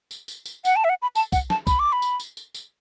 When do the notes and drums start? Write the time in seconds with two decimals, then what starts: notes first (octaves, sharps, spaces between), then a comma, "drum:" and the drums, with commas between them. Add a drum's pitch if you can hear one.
0.11 drum: tambourine
0.28 drum: tambourine
0.46 drum: tambourine
0.65 F#5, drum: tambourine
0.76 A5
0.84 E5
0.89 F#5
1.02 B5
1.15 A5, drum: tambourine
1.32 F#5, drum: kick, tambourine
1.50 A5, drum: snare
1.67 B5, drum: kick, tambourine
1.79 D6
1.93 B5
2.02 drum: tambourine
2.20 drum: tambourine
2.37 drum: tambourine
2.54 drum: tambourine